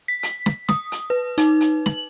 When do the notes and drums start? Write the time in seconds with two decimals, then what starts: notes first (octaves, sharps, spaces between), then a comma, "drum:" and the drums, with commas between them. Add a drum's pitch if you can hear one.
0.08 B6
0.23 drum: hi-hat
0.46 drum: snare
0.69 D#6, drum: snare
0.92 drum: hi-hat
1.10 B4
1.38 D#4, drum: hi-hat
1.61 drum: hi-hat
1.86 F#7, drum: snare